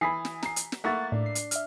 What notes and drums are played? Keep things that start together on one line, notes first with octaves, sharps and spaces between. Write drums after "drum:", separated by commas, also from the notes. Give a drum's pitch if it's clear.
E3 G#5 B5 D#6 B6 C7
drum: snare
A#5 C7, drum: snare
drum: hi-hat
drum: snare
A3 A#3 E4 F#5 C#6 F#6 A6
A2 D4
C7
drum: hi-hat
E5 F6, drum: hi-hat